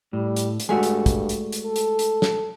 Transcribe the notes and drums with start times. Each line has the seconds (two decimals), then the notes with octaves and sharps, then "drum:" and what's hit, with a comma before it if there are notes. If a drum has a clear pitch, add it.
0.13 A2 G3
0.36 drum: hi-hat
0.60 drum: hi-hat
0.69 G2 G#3 A3 F#4 G#5
0.83 drum: hi-hat
1.06 drum: kick, hi-hat
1.29 drum: hi-hat
1.52 drum: hi-hat
1.66 A4
1.76 drum: hi-hat
1.99 drum: hi-hat
2.22 drum: snare